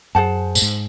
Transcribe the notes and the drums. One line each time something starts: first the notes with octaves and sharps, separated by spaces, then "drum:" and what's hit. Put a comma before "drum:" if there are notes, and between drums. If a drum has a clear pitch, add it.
F#2 G#4 C5 F#5 A5
A2, drum: tambourine
G#2